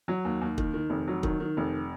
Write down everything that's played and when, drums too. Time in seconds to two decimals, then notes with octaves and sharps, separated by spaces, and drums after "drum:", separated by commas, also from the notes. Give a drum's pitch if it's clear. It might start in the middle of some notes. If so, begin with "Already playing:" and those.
0.08 F#3
0.25 D#2
0.41 D#2
0.58 D#3, drum: kick
0.74 D#3
0.90 F1
1.07 F#3
1.23 D#3, drum: kick
1.40 D#3
1.57 F1